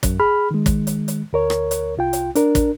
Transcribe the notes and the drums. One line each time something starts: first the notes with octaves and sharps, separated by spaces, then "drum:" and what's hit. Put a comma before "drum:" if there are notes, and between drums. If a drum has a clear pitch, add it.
F#2, drum: kick, hi-hat
G#4 B5 F6
D#3 G#3
drum: kick, hi-hat
drum: hi-hat
drum: hi-hat
D2 A#4 C#5
drum: rim click
drum: hi-hat
C2 F4 G5
drum: hi-hat
D4 A#4, drum: hi-hat
drum: kick, hi-hat